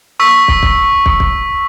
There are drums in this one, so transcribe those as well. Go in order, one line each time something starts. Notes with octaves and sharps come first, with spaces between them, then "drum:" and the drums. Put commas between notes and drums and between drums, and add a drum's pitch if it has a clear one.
C#6 E6 B6
drum: kick
drum: kick
drum: kick
drum: kick